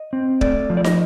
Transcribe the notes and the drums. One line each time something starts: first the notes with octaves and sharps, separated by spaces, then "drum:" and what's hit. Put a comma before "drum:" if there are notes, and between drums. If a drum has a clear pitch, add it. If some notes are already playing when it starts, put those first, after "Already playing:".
Already playing: D#5
C4
A3 D5, drum: kick D1
F3
D5
D#5, drum: snare